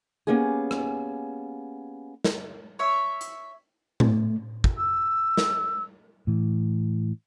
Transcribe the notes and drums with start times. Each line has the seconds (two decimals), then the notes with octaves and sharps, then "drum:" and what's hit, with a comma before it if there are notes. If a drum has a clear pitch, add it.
0.27 A#3 B3 C#4 G4 G#4
0.71 drum: rim click
2.24 drum: snare
2.79 C#5 E5
3.21 drum: hi-hat
4.00 A3, drum: tom A2
4.64 drum: kick
4.78 E6
5.37 drum: snare
6.27 A2 E3